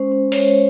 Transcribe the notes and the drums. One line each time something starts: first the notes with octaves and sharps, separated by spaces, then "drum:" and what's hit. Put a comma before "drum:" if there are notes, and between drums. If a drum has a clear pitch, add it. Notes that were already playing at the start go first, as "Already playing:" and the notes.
Already playing: G#3 C#4 C5
C#4
C#5, drum: open hi-hat
G#3 C5